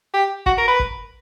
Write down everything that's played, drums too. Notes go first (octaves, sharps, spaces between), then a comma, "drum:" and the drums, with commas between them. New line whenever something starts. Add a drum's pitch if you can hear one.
G4
F#4, drum: kick G#1
A#4
B4
drum: kick G#1